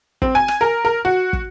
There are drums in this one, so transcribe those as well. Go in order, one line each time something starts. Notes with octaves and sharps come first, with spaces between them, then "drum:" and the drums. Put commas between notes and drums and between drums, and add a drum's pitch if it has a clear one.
C4, drum: kick
G#5
drum: rim click
A#4
A#4
F#4
drum: kick